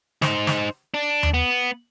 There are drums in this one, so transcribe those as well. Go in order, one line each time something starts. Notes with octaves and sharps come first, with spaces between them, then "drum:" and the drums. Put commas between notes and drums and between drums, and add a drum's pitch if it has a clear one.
D#4 C5, drum: snare
drum: snare
D4
drum: tom D#2
B3